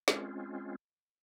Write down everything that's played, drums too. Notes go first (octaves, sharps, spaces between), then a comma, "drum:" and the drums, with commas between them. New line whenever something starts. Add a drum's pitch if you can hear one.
G#3 C4 C#4 F4, drum: snare